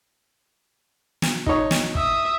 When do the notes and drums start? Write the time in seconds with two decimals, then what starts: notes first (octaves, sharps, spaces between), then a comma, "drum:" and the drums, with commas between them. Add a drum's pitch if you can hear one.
1.22 drum: snare
1.46 D#4 C#5, drum: kick
1.71 drum: snare
1.95 E5 D#6, drum: kick